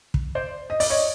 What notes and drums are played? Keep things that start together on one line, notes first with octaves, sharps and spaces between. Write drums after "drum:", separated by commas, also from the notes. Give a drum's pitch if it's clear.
drum: kick
C5 D5
D#5
D5, drum: open hi-hat
C#5 D#5